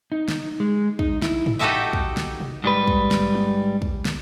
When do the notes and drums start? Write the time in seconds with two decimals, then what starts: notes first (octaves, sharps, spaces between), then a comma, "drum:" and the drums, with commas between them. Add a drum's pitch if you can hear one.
0.12 D#4
0.28 drum: snare
0.60 G#3
0.99 D#4, drum: kick
1.22 E4, drum: snare
1.46 drum: tom G#2
1.59 D#4 F#4 G4 A4 D#5 E5
1.93 drum: kick
2.17 drum: snare
2.40 drum: tom B2
2.64 G#2 G3 B4
2.87 drum: kick
3.11 drum: snare
3.35 drum: tom
3.82 drum: kick
4.05 drum: snare